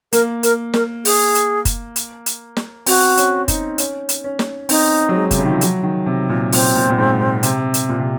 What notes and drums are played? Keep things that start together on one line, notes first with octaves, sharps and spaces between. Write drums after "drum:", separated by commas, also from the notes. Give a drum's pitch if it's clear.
A#3 A#4, drum: hi-hat
A#4, drum: hi-hat
A#4, drum: snare
G#4, drum: open hi-hat
drum: hi-hat
drum: kick, hi-hat
drum: hi-hat
drum: hi-hat
drum: snare
C4 F#4, drum: open hi-hat
C#4, drum: hi-hat
D#4, drum: kick, hi-hat
C#4, drum: hi-hat
drum: hi-hat
C#4
drum: snare
C4 D#4, drum: open hi-hat
F#3
G#3
C3, drum: kick, hi-hat
C#3
D#3
F3
F#3, drum: hi-hat
D#3
C3
A#2
A#2 C4, drum: open hi-hat
A#2
A#2
G#2
A#2
C3, drum: hi-hat
drum: hi-hat
A#2
C3